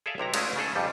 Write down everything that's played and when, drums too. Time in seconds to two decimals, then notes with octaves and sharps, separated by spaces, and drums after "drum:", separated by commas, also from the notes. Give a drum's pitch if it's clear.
0.06 G#4 A4 D5 E5 F5
0.18 B1 C3 E4 A#5
0.34 G#3 A3 C#4 E4 G#4, drum: cymbal
0.56 C#3 A3 G#4 A4
0.75 F2 C#3 F3 G3